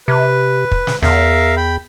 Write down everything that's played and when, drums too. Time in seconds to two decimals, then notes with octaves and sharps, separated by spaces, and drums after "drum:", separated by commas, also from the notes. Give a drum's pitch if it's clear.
0.08 C3 B4
0.72 drum: kick
0.87 drum: snare
1.02 E2 A#4 E5 F5, drum: snare
1.57 G5 B5